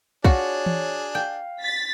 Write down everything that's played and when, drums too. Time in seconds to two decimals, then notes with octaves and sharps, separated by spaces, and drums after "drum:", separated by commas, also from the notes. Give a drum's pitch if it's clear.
0.24 D4 F4 F#4 G#4 C#5, drum: kick
0.66 drum: tom E3
1.15 F5 G5
1.60 A6 B6